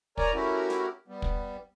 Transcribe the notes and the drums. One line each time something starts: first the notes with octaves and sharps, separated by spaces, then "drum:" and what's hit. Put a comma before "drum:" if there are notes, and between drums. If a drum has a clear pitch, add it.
A#4 C#5 D5 G#5 A#5, drum: kick
A3 C#4 E4 F#4 G4 A#4
drum: snare
G3 B3
drum: kick